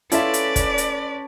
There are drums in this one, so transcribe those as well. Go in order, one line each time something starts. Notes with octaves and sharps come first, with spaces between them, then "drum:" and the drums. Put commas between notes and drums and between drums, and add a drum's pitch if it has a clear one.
C#4 E4 F4 A4 B4 D5 E5 A5, drum: hi-hat
drum: hi-hat
drum: kick, hi-hat
drum: hi-hat